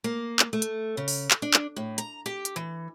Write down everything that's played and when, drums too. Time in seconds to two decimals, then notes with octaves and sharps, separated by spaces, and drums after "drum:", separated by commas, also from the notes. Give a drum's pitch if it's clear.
0.04 A#3
0.39 drum: clap
0.53 A3
0.62 drum: hi-hat
0.97 C#3
1.08 drum: open hi-hat
1.31 drum: clap
1.42 D4
1.54 drum: clap
1.76 A2
1.98 A#5, drum: hi-hat
2.26 G4
2.45 drum: hi-hat
2.56 E3